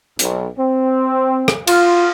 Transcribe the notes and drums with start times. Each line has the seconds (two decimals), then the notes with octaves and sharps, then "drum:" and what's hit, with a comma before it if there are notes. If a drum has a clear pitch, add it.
0.19 B1, drum: hi-hat
0.59 C4
1.48 drum: rim click
1.67 F4, drum: cymbal